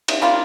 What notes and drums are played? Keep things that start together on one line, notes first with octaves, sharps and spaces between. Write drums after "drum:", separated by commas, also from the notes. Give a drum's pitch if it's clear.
drum: cymbal
G3 A#3 F4